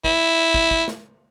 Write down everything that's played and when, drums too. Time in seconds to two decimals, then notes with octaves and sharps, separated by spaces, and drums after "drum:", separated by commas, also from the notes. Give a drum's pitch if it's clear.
0.04 E4, drum: kick
0.54 drum: kick
0.71 drum: kick
0.88 drum: snare